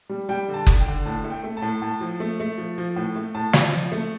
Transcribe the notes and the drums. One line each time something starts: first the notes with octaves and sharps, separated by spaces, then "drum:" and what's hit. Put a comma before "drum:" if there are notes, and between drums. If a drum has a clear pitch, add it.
G3
G3 G5
D3
A5
D3, drum: kick F#1
G5
D3
A2 A5
A3
G5
A3
A5
A2
A2 A5
F3
A3
A3
F3
F3
A2
A3
A2 A5
F3, drum: snare
F3
A3